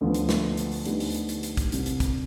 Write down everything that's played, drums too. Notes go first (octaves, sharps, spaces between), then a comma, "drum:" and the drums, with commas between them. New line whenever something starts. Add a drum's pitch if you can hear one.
D2 D3 F3 B3
drum: hi-hat
drum: snare
drum: hi-hat
drum: open hi-hat
D2 D3 G3 B3 D#4, drum: hi-hat
drum: open hi-hat
drum: hi-hat
drum: hi-hat
drum: hi-hat
drum: kick, hi-hat
C2 C3 G3, drum: hi-hat
drum: hi-hat
drum: kick, hi-hat